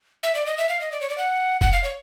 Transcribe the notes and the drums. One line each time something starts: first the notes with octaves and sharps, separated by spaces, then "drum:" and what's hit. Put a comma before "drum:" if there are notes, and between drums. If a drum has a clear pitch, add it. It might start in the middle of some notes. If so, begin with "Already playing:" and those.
E5
D5
D#5
E5
F5
D#5
D5
C#5
D5
F#5
F#5, drum: kick F1
F5
C#5